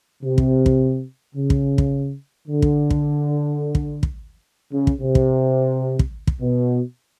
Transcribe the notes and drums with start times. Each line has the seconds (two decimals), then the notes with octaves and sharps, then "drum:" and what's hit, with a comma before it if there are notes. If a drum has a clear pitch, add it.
0.24 C3
0.38 drum: kick
0.66 drum: kick
1.35 C#3
1.50 drum: kick
1.78 drum: kick
2.48 D3
2.62 drum: kick
2.90 drum: kick
3.75 drum: kick
4.03 drum: kick
4.74 C#3
4.87 drum: kick
5.02 C3
5.15 drum: kick
5.99 drum: kick
6.27 drum: kick
6.42 B2